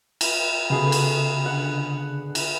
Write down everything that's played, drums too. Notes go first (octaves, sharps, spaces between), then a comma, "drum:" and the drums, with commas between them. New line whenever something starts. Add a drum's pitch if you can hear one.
drum: cymbal
C#3 B3 F#4 G#4 A4
drum: cymbal
D3 F#5
drum: cymbal